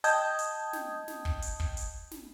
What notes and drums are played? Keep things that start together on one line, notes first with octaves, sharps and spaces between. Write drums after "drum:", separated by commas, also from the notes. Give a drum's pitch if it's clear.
D#5 G5 A5 D#6 G6 G#6, drum: hi-hat
drum: hi-hat
drum: snare
drum: snare
drum: kick
drum: hi-hat
drum: kick
drum: hi-hat
drum: snare